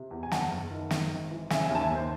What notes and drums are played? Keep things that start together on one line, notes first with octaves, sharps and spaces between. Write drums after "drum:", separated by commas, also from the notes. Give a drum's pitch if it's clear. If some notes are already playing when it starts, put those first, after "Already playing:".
Already playing: C3
E2
G#5
F#1 F#5 A5, drum: snare
F#1
D#3
G#1, drum: snare
G#1
E3
C#3 E5 G#5, drum: snare
E5 G#5
D#2 A5
E5 G#5
D#2 C5